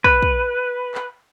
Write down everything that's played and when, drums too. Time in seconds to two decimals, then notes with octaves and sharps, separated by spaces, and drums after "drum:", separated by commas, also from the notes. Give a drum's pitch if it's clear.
0.04 B4, drum: kick
0.22 drum: kick
0.95 drum: clap